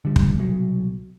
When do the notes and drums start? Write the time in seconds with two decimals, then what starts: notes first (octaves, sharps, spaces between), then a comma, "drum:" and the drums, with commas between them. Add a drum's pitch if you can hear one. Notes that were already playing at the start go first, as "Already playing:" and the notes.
0.05 D3 G3
0.16 drum: kick
0.36 C2 B2 F#3